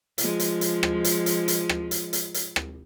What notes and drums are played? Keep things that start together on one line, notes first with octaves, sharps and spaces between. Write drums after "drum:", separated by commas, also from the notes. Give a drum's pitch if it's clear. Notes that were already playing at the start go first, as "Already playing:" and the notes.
F3 G#3, drum: hi-hat
drum: hi-hat
drum: hi-hat
drum: rim click
drum: hi-hat
drum: hi-hat
drum: hi-hat
drum: rim click
drum: hi-hat
drum: hi-hat
drum: hi-hat
drum: rim click